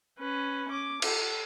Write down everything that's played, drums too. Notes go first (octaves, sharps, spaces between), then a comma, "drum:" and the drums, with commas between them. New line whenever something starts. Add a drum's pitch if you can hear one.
C#4 B4
C#4 D6
A4, drum: cymbal